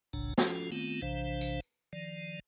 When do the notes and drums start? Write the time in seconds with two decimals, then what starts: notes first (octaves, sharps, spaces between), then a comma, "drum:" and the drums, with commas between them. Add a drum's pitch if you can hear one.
0.13 F#1 C2 A2 C#3 D4 A#5
0.38 F3 C#4 F4 F#4 A4, drum: snare
0.72 D#3 A3 B3 C4 F4
1.02 A#1 C3 E3 D4 C5 F5
1.41 drum: tambourine
1.93 D#3 F3 D5